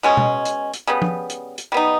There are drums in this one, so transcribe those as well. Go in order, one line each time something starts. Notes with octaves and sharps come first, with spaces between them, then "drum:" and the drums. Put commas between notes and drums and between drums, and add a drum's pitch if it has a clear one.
B2 G#3 C#4
drum: tom B2
drum: hi-hat
drum: hi-hat
C#3 G3 B3
drum: tom F3
drum: hi-hat
drum: hi-hat
G3 B3 D#4